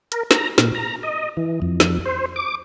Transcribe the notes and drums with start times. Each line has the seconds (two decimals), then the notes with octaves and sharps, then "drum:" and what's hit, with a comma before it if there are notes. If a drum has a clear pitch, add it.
0.12 A#4, drum: hi-hat
0.31 A#5, drum: snare
0.58 A#2, drum: snare
0.75 A#5
1.03 D#5
1.37 E3
1.62 F2
1.80 drum: snare
2.06 C5
2.36 D6